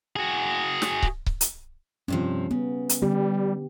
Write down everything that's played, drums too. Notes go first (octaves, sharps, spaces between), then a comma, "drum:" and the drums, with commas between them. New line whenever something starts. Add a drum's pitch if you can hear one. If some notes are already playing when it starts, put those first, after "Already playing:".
F#4 G#4
drum: snare
drum: kick C#1
drum: kick C#1
drum: hi-hat
G2 C3 F3 C#4
C#3 B3
drum: hi-hat
D3 G3 B3 G4